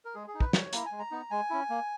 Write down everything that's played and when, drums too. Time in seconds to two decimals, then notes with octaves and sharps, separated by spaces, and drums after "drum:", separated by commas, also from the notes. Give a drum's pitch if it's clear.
0.05 A#4
0.15 G#3 G#4
0.27 G#4
0.35 D#4
0.40 B4, drum: kick
0.53 G3 C#5, drum: snare
0.73 A#3 E4 A#5, drum: hi-hat
0.86 G#5
0.92 G#3
0.99 A#5
1.11 B3 D#4
1.31 G#3 G#5
1.50 C#4 E4
1.70 A#3